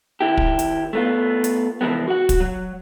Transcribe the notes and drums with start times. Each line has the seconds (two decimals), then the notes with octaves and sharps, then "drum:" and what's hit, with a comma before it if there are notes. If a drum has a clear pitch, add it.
0.21 D#2 E4 G4
0.37 drum: kick
0.59 drum: hi-hat
0.93 A3 B3 F4
1.44 drum: hi-hat
1.81 C3 E3 F3 G#3 B3
2.08 F#4 F#5
2.29 drum: kick, hi-hat
2.40 F#3